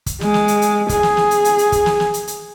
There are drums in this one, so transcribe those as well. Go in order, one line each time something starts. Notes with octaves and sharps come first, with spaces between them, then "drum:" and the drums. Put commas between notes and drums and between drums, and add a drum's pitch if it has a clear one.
drum: kick, hi-hat
G#3, drum: snare
drum: snare
drum: hi-hat
drum: hi-hat
G#4, drum: kick, hi-hat
drum: snare
drum: snare
drum: hi-hat
drum: hi-hat
drum: hi-hat
drum: kick, hi-hat
drum: snare
drum: snare
drum: hi-hat
drum: hi-hat